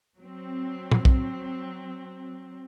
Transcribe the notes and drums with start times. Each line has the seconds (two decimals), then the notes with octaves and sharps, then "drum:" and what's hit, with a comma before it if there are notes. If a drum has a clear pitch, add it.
0.16 F#3 C4
0.91 drum: tom
1.05 drum: kick